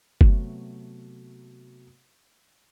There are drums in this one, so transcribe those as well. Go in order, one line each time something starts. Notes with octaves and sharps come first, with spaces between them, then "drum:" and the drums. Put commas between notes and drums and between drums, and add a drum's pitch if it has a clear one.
C3 F#3 A3 B3 F#4, drum: kick F#1